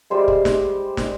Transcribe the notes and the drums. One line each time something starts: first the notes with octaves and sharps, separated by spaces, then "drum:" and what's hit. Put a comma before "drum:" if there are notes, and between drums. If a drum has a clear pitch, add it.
G3 G#3 C5 E5
drum: kick
drum: snare
drum: snare